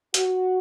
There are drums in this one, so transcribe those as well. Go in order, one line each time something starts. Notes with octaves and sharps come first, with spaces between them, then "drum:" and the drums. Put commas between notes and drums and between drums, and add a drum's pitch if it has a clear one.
F#4, drum: hi-hat